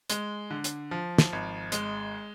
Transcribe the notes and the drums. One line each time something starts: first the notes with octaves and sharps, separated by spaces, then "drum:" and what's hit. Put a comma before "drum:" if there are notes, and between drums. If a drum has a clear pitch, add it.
G#3, drum: hi-hat
D3
drum: hi-hat
F3
drum: snare
G#1
G#3, drum: hi-hat